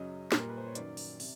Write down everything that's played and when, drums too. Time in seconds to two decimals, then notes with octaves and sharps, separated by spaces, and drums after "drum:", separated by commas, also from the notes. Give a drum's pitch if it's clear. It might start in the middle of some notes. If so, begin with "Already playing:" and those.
Already playing: F#2 C#3 F#3 D#5
0.32 A#2 G3, drum: snare
0.39 A#4
0.49 B4
0.58 C5
0.66 C#5
0.75 F#2 D#3 F#3 D5, drum: hi-hat
0.97 drum: open hi-hat
1.20 C3, drum: open hi-hat